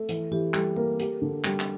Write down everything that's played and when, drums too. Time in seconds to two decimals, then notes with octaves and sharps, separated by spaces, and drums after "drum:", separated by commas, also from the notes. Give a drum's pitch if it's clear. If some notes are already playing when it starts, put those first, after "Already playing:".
Already playing: A3
0.09 E3, drum: hi-hat
0.31 E3 G4
0.54 G3 A4, drum: clap
0.76 A#3 A#4
1.00 G4, drum: hi-hat
1.22 D3
1.44 G3, drum: clap
1.60 drum: clap